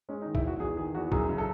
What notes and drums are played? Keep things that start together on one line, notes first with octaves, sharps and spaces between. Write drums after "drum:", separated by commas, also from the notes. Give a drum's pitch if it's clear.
G#3 C#4
D#4
D#3
E4, drum: kick
E2 F#4
E2 G#4
D#3 G#4
E2 F#4
F#2 G#4, drum: kick
C#3
A4